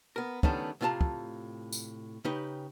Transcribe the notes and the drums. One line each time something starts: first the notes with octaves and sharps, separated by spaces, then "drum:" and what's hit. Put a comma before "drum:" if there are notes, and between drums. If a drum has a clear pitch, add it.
B3 A#4
D#3 G3 A3 B3 C#4 D4, drum: kick
A2 C3 F4 B4 A5 A#5
drum: kick
drum: tambourine
C#3 D#4 G4 B4